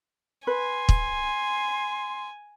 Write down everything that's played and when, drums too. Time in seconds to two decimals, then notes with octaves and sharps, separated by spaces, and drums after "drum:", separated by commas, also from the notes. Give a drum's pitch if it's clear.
0.47 B4 G#5 C6
0.89 drum: kick